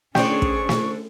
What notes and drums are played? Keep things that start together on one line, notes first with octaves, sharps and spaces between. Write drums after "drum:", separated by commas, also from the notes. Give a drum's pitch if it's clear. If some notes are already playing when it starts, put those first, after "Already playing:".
D3 C#4 D4 G#4 C5 G5 C#6, drum: snare
drum: kick
drum: snare